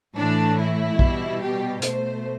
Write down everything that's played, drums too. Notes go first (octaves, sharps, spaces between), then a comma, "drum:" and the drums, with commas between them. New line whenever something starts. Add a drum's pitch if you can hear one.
A2 E3 A3 D4
E4
B2 G3, drum: kick A#1
G4
B2 A3 C5, drum: hi-hat